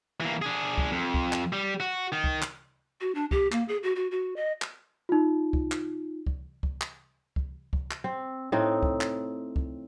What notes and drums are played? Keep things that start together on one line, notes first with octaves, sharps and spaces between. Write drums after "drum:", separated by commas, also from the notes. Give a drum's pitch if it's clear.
E3 A#3
D4 G#4
drum: kick C#2
F2
drum: kick C#2
drum: clap
G3
F#4
D#3
drum: kick C#2
drum: clap
F#4
D4
G4, drum: kick C#2
A#3, drum: clap
G#4
F#4
F#4
F#4
D#5
drum: clap
D#4 F4
drum: kick C#2
drum: clap
drum: kick C#2
drum: kick C#2
drum: clap
drum: kick C#2
drum: kick C#2
drum: clap
C4
A2 C4 D#4
drum: kick C#2
drum: clap
drum: kick C#2